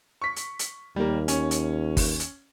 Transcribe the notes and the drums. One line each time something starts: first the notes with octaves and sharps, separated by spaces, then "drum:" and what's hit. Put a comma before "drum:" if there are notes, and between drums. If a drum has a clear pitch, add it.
C#6 B6
drum: hi-hat
drum: hi-hat
D#2 G3 A#3
C#4, drum: hi-hat
drum: hi-hat
drum: kick, open hi-hat
drum: hi-hat